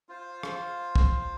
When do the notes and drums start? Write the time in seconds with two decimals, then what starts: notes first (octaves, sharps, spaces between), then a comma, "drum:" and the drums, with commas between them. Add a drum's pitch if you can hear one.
0.09 F4 C5 F5
0.43 drum: rim click
0.96 drum: kick